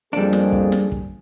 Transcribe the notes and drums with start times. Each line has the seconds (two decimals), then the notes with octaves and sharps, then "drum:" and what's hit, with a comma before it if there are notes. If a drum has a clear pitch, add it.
0.13 F2 G3 A#3 D4 G#4
0.33 drum: snare
0.52 drum: kick
0.72 drum: snare
0.92 drum: kick